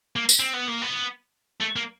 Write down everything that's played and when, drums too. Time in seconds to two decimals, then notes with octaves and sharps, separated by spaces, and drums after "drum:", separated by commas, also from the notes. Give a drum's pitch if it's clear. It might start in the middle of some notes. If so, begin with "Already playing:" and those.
0.16 A#3
0.29 drum: tambourine
0.39 C4
0.53 B3
0.68 A#3
0.82 B3
1.60 A3
1.76 A#3